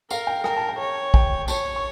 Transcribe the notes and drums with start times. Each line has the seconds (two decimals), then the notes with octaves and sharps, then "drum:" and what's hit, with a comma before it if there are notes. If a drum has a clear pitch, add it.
0.10 A#4 F5, drum: tambourine
0.27 G5
0.44 A#4 G5, drum: rim click
0.56 A5
0.68 G5
0.79 C#5
1.14 G5, drum: kick
1.48 C#5 A5, drum: tambourine
1.76 C#6